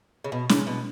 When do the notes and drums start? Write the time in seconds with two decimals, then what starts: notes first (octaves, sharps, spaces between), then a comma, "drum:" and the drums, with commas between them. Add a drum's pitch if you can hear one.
0.24 C#3
0.32 B2
0.49 C#3, drum: snare
0.67 B2